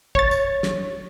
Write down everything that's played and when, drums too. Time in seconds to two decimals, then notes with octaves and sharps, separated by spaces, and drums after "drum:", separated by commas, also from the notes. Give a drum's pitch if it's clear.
0.15 C#5 A6, drum: kick
0.31 drum: tambourine
0.63 drum: snare